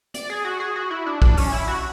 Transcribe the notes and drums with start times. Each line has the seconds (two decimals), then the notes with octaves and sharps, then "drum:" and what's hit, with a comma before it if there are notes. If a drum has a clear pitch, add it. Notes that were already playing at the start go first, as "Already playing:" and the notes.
0.14 D5, drum: hi-hat
0.30 G#4
0.45 F#4
0.60 G#4
0.76 F#4
0.91 E4
1.06 D4
1.22 D4, drum: kick
1.37 C#4, drum: open hi-hat
1.52 E4
1.68 F#4